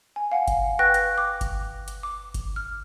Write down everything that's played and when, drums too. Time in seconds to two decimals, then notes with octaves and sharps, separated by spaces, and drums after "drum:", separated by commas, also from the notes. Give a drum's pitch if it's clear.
0.16 G#5
0.32 F5 F#5 G#5
0.48 drum: kick G1, hi-hat
0.79 B4 G5 C#6 F#6 A#6
0.94 drum: hi-hat
1.18 D6
1.41 drum: kick G1, hi-hat
1.88 drum: hi-hat
2.03 D6
2.34 drum: kick G1, hi-hat
2.56 F6